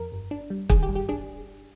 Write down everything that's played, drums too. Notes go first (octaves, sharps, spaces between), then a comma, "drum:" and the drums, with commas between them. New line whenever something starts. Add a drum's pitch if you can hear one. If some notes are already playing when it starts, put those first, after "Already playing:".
Already playing: F2 A#4
G1
D4
G3
D#3 G#4, drum: kick
G4
G2
G4
D4 G#4